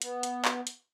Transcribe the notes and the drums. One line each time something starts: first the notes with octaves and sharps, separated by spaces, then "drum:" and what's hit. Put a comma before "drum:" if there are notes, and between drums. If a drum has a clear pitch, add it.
B3, drum: hi-hat
drum: hi-hat
drum: clap
drum: hi-hat